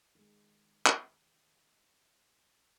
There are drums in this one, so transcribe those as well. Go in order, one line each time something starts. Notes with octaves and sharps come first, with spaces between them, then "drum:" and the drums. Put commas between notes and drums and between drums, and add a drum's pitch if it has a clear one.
D#3 G#3
drum: clap